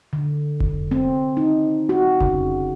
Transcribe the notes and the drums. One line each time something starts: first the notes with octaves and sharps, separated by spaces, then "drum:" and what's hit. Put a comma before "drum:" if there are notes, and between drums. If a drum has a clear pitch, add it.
D3
drum: kick F1
C4
D#4
F#4
C#3, drum: kick F1